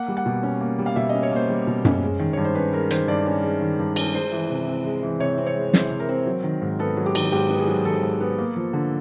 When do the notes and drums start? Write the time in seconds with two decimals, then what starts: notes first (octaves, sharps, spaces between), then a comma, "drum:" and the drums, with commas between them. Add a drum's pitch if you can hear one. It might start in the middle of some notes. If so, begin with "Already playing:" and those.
Already playing: A#3 F#5
0.08 G3
0.17 F#5
0.26 B2
0.43 C#4
0.61 A#3
0.79 G3
0.86 F5
0.96 B2 E5
1.09 C#4 D#5
1.23 C#5
1.31 A#3 C5
1.49 G3
1.67 B2
1.85 C#4, drum: tom F#2
2.02 G#3
2.19 D#3
2.33 G2 C#5
2.44 C5
2.55 C#4 B4
2.72 G#3 A#4
2.91 D#3 C5, drum: hi-hat
3.08 G2 D5
3.26 C#4
3.43 G#3
3.61 D#3
3.79 G2
3.96 C#4, drum: cymbal
4.14 G#3 C5
4.32 E3
4.50 C3
4.68 C4
4.85 G#3
5.03 E3
5.20 C3 C#5
5.38 C4
5.47 C#5
5.56 G#3
5.73 E3 C5, drum: snare
5.91 C3
6.00 A#4
6.09 C4
6.26 F#3
6.43 D#3
6.62 G#2
6.79 B3 A4
6.97 F#3
7.06 G4
7.15 D#3, drum: cymbal
7.32 G#2 G4
7.50 B3
7.59 G#4
7.67 F#3
7.85 D#3 A4
8.03 G#2
8.21 B3
8.38 A#3
8.56 F3
8.73 D3